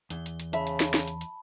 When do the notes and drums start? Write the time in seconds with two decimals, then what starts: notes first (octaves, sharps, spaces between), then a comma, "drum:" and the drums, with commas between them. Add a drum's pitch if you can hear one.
0.10 E2 G7, drum: hi-hat
0.26 drum: hi-hat
0.40 drum: hi-hat
0.53 C#3 E5 A5 B5, drum: hi-hat
0.67 drum: hi-hat
0.80 drum: snare
0.94 drum: snare
1.08 drum: hi-hat
1.21 drum: hi-hat